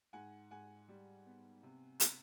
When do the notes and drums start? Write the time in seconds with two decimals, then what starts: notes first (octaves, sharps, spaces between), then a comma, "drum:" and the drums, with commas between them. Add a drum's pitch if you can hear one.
0.13 G#2 F#5 G#5
0.51 G#2 F#5 G#5
0.89 G3
1.26 B3
1.63 C3
2.00 drum: hi-hat